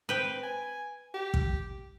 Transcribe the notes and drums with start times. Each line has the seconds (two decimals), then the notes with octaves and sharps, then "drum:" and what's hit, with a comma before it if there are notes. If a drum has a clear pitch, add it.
0.09 C4 B4 G5
0.43 G#5
1.14 G4
1.34 drum: kick